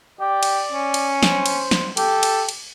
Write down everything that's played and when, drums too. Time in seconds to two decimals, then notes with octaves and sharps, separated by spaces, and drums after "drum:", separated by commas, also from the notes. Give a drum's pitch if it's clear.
0.20 G4 D5
0.43 drum: cymbal
0.72 C#4
0.94 drum: cymbal
1.23 C5, drum: snare
1.46 drum: cymbal
1.71 drum: snare
1.97 G4 A4, drum: cymbal
2.23 drum: cymbal
2.49 drum: cymbal